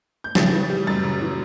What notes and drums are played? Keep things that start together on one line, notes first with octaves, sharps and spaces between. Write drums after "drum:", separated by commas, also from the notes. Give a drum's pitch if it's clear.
G6
C#3 A6, drum: snare
E3
G3
F#2 A6
C#3
E3